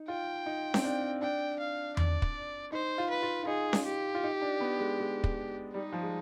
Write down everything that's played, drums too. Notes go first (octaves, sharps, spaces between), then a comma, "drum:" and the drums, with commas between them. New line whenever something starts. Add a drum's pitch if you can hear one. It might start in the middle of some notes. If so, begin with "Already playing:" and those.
Already playing: D#4
F4 G5
D#4
C4, drum: snare C#4
D4
D4 G5
F5
D5, drum: tom E2
drum: kick
D#4 C5
F4
B4
F4
F4
D#4 G#4
drum: snare C#4
G4
F4
D#4
D4
B3
G#3
G#3
drum: kick
G3 D#4
F3
G#3